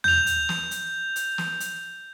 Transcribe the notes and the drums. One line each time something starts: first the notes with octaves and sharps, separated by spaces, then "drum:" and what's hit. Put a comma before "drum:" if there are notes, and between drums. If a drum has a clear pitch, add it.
G6 F7, drum: tom
drum: hi-hat
drum: snare
drum: hi-hat
drum: hi-hat
drum: snare
drum: hi-hat